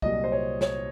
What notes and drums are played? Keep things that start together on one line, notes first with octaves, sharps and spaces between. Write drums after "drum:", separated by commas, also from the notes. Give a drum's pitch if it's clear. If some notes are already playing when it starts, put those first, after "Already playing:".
C2 A#2 F#3 D#5, drum: kick
C5
C#5
C#5, drum: snare